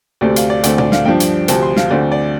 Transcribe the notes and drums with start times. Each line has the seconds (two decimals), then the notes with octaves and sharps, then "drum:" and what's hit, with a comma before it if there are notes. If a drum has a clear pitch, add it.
0.21 D2 C3 A3 C4 D5
0.36 F5, drum: hi-hat
0.50 D5
0.63 D2 D3 A3 C4 D5, drum: hi-hat
0.78 D5, drum: tom A#2
0.92 F5, drum: snare
1.05 G2 F3 D4 G5
1.20 drum: hi-hat
1.48 D2 C3 F3 C4 A5, drum: hi-hat
1.63 C6
1.77 F5, drum: snare
1.90 D2 D3 A3 C4 D5
2.12 D5